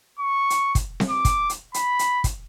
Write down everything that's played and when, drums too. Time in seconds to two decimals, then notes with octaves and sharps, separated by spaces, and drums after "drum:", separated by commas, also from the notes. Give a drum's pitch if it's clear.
0.19 C#6
0.50 drum: hi-hat
0.75 drum: kick, hi-hat
1.00 drum: snare C4
1.10 D6
1.25 drum: kick, hi-hat
1.50 drum: hi-hat
1.74 B5, drum: hi-hat
1.99 drum: hi-hat
2.24 drum: kick, hi-hat